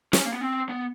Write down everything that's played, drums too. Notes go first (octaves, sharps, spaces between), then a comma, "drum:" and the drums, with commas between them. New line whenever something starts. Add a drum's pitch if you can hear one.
C#4, drum: snare
A#3
B3
C4
B3